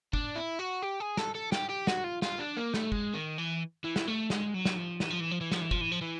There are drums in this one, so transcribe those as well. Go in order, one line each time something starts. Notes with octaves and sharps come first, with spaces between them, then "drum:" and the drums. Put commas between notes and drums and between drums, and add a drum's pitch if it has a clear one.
D4, drum: kick
E4
F#4
G4
G#4
A4, drum: snare
A4
G4, drum: snare
G4
F#4, drum: snare
F4
F4, drum: snare
D4
A#3
A3, drum: snare
G#3, drum: kick
D#3
E3
E3
drum: snare
A3
G#3, drum: snare
F#3
drum: snare
F3
E3, drum: snare
F3
E3
F3
E3
F3, drum: snare
E3
F3, drum: kick
E3
F3
E3